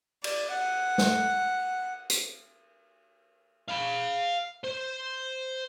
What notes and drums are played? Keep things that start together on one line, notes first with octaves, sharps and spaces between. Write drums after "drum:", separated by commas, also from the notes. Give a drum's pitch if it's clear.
D5, drum: cymbal
F#5
drum: snare
drum: hi-hat
F5 B5
C5